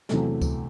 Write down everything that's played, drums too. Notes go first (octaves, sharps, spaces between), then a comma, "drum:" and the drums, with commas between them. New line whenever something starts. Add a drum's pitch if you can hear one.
E2 C3 F#3 A3, drum: snare
drum: kick C#2, tambourine